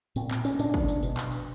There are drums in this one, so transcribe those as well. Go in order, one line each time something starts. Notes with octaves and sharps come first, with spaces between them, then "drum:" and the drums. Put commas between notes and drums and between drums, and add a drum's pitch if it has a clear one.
A#2 C4, drum: tambourine
C4, drum: clap
C#4, drum: tambourine
A#2 D4, drum: tambourine
drum: kick
drum: tambourine
B2, drum: tambourine
drum: clap
drum: tambourine